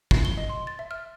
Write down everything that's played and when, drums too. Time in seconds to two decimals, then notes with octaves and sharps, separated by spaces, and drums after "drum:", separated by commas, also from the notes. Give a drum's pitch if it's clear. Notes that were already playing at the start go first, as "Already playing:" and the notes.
0.11 C7, drum: kick
0.25 G7
0.37 D#5
0.49 C6
0.67 A6
0.79 E5
0.91 F6